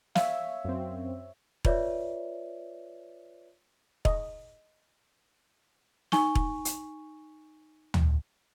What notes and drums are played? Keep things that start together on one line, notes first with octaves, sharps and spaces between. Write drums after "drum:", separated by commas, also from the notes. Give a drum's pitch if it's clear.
C#5 E5 F5, drum: snare
F#2 C4
F4 B4 C#5 D5 E5, drum: kick E1
D#5, drum: kick E1
D#4 G#5 C#6 G7, drum: snare
drum: kick E1
drum: hi-hat
drum: tom